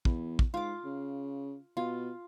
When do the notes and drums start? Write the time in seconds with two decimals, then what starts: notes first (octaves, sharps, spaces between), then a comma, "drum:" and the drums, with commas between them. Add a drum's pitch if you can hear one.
0.05 E2, drum: kick
0.39 drum: kick
0.54 G#2 F4 D6
0.84 C#3
1.77 B2 F4